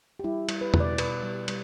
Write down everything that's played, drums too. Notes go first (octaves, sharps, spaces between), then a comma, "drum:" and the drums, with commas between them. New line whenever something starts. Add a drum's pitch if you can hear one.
G4
G3 E4
G3, drum: cymbal
B4
B2, drum: tom E2
D5
B2 B4, drum: cymbal
G3
G3, drum: cymbal